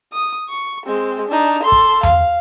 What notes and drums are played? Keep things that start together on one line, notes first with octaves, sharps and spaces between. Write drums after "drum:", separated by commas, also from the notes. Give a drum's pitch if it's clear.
D#6
C#6
G#3 C4
D4 D#4
A4 C6
drum: kick
F5, drum: tom E2